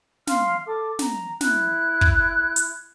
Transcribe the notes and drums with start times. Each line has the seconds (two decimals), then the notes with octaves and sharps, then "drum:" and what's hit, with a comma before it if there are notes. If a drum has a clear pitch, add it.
0.27 F5 C6 F6, drum: snare
0.65 A4 D6
0.99 A#5, drum: snare
1.41 E4 F#6, drum: snare
2.01 drum: kick
2.56 drum: hi-hat